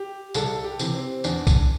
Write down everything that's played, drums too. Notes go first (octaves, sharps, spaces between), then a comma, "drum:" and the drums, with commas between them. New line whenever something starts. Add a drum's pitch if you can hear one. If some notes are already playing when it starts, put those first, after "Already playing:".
Already playing: G4
C2 A4, drum: tambourine
G4
C3 E3, drum: tambourine
C4
E2 D4, drum: tambourine
drum: kick B1, tambourine